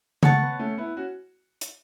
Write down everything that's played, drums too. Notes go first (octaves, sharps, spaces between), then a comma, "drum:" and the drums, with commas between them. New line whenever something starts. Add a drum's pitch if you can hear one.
A3 C#5 F#5 A5 C#6, drum: tom C#3
B3
A3 C#4
B3 E4
C#4 F#4
drum: hi-hat